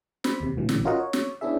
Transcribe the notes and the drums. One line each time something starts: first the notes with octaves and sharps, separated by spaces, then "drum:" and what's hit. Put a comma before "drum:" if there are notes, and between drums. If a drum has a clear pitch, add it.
C5 B5, drum: snare
D#2 C3
A#1 A2 D3 E3 F#3
drum: snare
C#4 F4 F#4 A#4 D#5 F#5
C#5
drum: snare
B3 C#4 D4 E4 G#4 E5